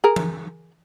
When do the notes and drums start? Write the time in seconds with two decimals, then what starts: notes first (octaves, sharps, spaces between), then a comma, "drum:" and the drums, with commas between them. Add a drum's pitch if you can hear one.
0.04 G#4 A#4
0.16 drum: tom E3